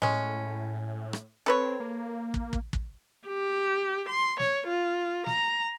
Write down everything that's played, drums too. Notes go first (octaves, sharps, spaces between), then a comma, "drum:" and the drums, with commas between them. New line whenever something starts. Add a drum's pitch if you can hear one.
A2 G#3 C#4, drum: snare
drum: rim click
C4 A4 B4 C#5
A#3
drum: kick
drum: kick
drum: kick
G4
C6
C#5, drum: snare
F4
A#5, drum: snare